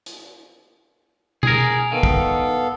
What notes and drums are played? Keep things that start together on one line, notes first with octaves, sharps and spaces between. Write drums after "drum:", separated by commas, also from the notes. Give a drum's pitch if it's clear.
drum: hi-hat
G#4 A#4, drum: tom B2
D#3 B3 A4 F5
drum: kick